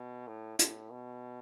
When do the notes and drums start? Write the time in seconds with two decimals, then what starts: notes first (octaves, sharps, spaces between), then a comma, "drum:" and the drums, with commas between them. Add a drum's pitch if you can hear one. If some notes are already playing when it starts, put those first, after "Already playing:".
Already playing: B2
0.27 A2
0.59 A2, drum: hi-hat
0.91 B2